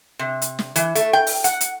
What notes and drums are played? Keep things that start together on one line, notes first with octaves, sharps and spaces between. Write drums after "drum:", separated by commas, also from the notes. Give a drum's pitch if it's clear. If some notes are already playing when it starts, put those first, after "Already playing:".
C3
drum: hi-hat
drum: snare
E3, drum: hi-hat
A3, drum: hi-hat
G5
drum: open hi-hat
F#5, drum: hi-hat
drum: hi-hat